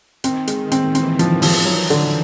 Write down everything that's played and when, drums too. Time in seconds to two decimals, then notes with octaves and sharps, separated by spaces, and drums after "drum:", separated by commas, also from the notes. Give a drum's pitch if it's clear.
0.24 D#3 C4, drum: hi-hat
0.47 G#3, drum: hi-hat
0.72 C4, drum: hi-hat
0.95 E3 C4, drum: hi-hat
1.19 F3, drum: hi-hat
1.42 F3, drum: open hi-hat
1.65 F#3
1.90 D3, drum: hi-hat